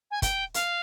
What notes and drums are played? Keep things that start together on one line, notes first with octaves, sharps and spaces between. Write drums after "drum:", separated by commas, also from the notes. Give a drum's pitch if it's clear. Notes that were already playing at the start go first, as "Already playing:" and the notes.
G#5
G5, drum: kick, hi-hat
F5, drum: hi-hat